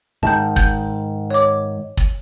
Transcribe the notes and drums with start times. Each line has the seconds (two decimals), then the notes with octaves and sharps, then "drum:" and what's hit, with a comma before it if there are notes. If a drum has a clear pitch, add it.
0.23 G#2 D#3 A5 G6
0.56 G6, drum: kick
1.30 C#5 D6
1.97 drum: kick